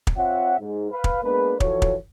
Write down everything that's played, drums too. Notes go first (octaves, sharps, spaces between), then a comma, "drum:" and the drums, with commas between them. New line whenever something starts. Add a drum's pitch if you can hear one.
drum: kick
C4 F4 C#5 E5 F#5
G#2
B4 F5
drum: kick
G#3 A#3 B3 D4 G#4 B4
E3 F3 F#4 A4 C#5, drum: kick
drum: kick